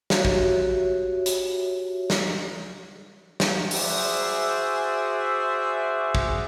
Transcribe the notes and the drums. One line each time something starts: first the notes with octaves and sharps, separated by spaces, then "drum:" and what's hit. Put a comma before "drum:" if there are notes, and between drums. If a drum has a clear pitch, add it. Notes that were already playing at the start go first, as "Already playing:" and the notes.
F#4 G4 C#5 E5, drum: snare
drum: kick
drum: hi-hat
drum: snare
drum: snare
F#4 G#4 C5 D5 E5, drum: open hi-hat
drum: kick